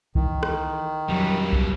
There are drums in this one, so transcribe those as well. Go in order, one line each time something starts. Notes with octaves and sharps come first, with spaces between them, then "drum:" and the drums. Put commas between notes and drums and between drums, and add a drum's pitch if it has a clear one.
D#3 E3, drum: kick C2
drum: rim click
F2 F#3 G3 C#4 C#7
drum: kick C2